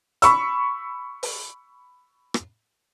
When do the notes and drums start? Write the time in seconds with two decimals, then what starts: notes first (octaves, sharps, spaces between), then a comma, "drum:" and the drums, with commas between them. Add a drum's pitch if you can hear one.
0.22 B5 C#6 E6, drum: hi-hat
1.23 drum: open hi-hat
2.34 drum: rim click